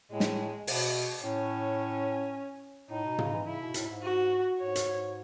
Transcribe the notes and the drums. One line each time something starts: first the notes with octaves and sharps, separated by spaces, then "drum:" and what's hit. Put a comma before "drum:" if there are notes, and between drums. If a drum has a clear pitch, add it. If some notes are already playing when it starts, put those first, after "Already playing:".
A2 G#3
drum: snare
B2, drum: open hi-hat
A2 C#4
A2 D#4
B2
C#3, drum: tom
E3
C#3 E4
B2
A2, drum: hi-hat
G#2
F#4
G#2 C#5
drum: hi-hat